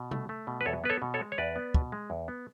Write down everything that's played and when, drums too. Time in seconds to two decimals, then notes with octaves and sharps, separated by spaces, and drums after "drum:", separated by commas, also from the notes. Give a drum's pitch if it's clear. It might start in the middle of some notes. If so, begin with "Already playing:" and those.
Already playing: B2
0.11 A3, drum: tom C3
0.29 A3
0.47 B2
0.61 B4
0.65 E2 A4 C#5
0.84 B3 B4
0.90 A4 C#5
1.02 B2
1.14 A4 C#5
1.20 G#3
1.32 C#5
1.38 E2 B4 D5
1.56 B3
1.74 B2, drum: kick
1.92 G#3
2.10 E2
2.28 B3